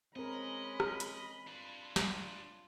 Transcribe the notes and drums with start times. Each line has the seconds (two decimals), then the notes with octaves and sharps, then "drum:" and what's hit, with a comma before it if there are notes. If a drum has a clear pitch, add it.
0.16 G#3 C4 C#4 A#4 D#5 B5
0.80 drum: rim click
1.00 drum: hi-hat
1.47 D4 F4 B4
1.96 drum: snare